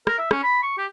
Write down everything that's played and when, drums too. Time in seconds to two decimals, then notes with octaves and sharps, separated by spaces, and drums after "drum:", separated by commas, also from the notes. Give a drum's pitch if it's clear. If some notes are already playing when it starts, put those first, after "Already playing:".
0.07 A#4, drum: rim click
0.19 E5
0.31 C#4, drum: rim click
0.43 B5
0.62 C#6
0.78 G4